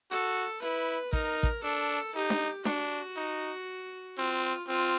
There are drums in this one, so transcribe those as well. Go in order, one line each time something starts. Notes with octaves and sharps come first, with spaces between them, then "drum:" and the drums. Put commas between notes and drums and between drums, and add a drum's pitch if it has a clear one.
F#4 A4
E4 B4, drum: hi-hat
D#4 A#4, drum: kick
drum: kick
D4 A4
D#4 G4
drum: snare D4
D4 F#4, drum: snare D4
D#4
C4 F4
C4 F4